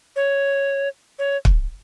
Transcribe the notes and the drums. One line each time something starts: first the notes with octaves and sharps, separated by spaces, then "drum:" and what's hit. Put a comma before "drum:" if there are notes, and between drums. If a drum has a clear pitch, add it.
C#5
C#5
drum: kick